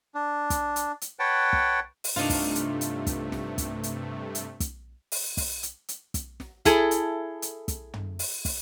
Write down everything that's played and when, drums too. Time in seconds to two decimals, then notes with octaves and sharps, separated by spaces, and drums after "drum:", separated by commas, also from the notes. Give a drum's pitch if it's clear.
0.15 D4
0.50 drum: kick, hi-hat
0.76 drum: hi-hat
1.02 drum: hi-hat
1.19 B4 C#5 F#5 G5 A5
1.53 drum: kick
2.04 drum: open hi-hat
2.16 G2 C3 A3 D4 D#4 F4
2.30 drum: kick, open hi-hat
2.55 drum: hi-hat
2.81 drum: hi-hat
3.07 drum: kick, hi-hat
3.32 drum: snare
3.58 drum: kick, hi-hat
3.83 drum: hi-hat
4.35 drum: hi-hat
4.60 drum: kick, hi-hat
5.12 drum: open hi-hat
5.37 drum: kick, open hi-hat
5.63 drum: hi-hat
5.88 drum: hi-hat
6.14 drum: kick, hi-hat
6.40 drum: snare
6.65 E4 G#4 A4, drum: kick, hi-hat
6.91 drum: hi-hat
7.42 drum: hi-hat
7.68 drum: kick, hi-hat
7.94 drum: tom
8.19 drum: open hi-hat
8.45 drum: kick, open hi-hat